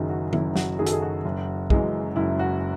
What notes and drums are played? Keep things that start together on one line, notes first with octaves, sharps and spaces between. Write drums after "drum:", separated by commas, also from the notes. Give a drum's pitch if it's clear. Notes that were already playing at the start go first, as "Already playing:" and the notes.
Already playing: F#1 F#2 D#3 G#4
F#4
F#1 E4, drum: tom D#3
F#4, drum: snare
F#2 D#3 G#4
A4, drum: hi-hat
G#4
F#4
F#1
F#2 E3 G#3, drum: kick
F#1 E4
F#4